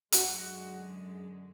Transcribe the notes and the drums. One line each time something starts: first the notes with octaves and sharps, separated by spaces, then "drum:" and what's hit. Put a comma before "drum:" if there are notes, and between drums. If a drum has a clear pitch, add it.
F#2 D3 G#3 F#4, drum: hi-hat